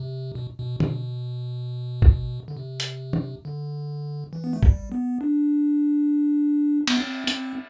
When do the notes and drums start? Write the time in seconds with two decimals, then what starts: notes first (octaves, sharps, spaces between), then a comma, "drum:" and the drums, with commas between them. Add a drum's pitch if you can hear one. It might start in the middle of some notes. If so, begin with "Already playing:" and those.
Already playing: C3
0.35 B2
0.59 B2
0.80 B2, drum: tom
2.02 drum: kick
2.48 D3
2.57 C3
2.80 drum: hi-hat
3.13 drum: tom
3.45 D3
4.33 E3
4.44 B3
4.53 A3
4.63 G3, drum: kick
4.92 B3
5.21 D4
6.87 B3, drum: cymbal
6.97 C4
7.27 C4, drum: hi-hat